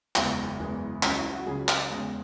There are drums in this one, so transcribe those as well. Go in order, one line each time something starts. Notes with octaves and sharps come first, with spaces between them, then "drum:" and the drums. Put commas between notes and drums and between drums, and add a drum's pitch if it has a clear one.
F#1 E2 E3 G#3 E4, drum: clap
F#1 E2 E3 G#3
C#2 C#3 F#3, drum: clap
E4
F#4
C#2 C#3 F#3 G#4
drum: clap
E2 C#3 G#3